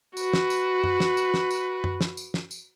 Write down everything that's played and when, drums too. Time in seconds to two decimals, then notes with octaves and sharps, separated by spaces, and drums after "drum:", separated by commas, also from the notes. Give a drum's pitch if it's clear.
0.17 F#4 B4, drum: tambourine
0.33 drum: snare
0.50 drum: tambourine
0.84 drum: tom
1.00 drum: snare
1.17 drum: tambourine
1.34 drum: snare
1.50 drum: tambourine
1.84 drum: tom
2.01 drum: snare
2.17 drum: tambourine
2.34 drum: snare
2.51 drum: tambourine